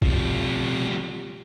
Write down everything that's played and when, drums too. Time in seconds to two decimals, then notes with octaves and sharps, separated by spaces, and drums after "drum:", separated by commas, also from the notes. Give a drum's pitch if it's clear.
0.02 B2 F3 G3 C4, drum: kick